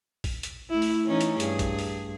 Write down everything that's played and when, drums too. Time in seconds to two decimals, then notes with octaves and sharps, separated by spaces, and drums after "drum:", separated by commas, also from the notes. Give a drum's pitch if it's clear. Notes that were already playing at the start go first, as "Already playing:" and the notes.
0.24 drum: kick A#1, open hi-hat
0.43 drum: hi-hat
0.70 A3 E4
0.82 drum: open hi-hat
1.06 E3 C#4 D#4
1.21 drum: hi-hat
1.40 G2 G#4, drum: hi-hat
1.59 drum: kick A#1, hi-hat
1.79 drum: open hi-hat